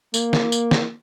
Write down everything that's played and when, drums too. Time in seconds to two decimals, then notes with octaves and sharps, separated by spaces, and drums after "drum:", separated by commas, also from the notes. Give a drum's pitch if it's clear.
0.14 A#3, drum: tambourine
0.33 drum: snare
0.52 drum: tambourine
0.71 drum: snare